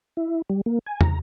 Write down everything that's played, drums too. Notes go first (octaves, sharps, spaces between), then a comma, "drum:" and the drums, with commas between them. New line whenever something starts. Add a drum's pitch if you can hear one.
E4
G3
A#3
G#5
A#5, drum: tom